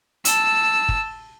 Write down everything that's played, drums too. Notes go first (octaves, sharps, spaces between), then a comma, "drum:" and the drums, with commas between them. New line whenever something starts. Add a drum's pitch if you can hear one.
A5 E6, drum: hi-hat
drum: kick